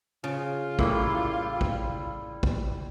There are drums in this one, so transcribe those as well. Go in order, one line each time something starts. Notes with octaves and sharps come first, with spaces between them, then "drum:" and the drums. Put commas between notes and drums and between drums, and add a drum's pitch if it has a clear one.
C#3 F4
A2 G3 A#3 E4, drum: kick A1
drum: kick A1
drum: kick A1